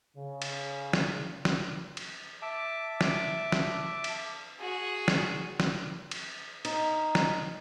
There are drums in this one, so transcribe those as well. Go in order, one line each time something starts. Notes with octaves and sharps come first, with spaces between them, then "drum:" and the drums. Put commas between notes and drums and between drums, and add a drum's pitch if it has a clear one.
C#3
drum: cymbal
drum: snare
drum: snare
drum: cymbal
E5 A5 D6
drum: snare
drum: snare
drum: cymbal
F#4 G#4
drum: snare
drum: snare
drum: cymbal
D#4, drum: cymbal
drum: snare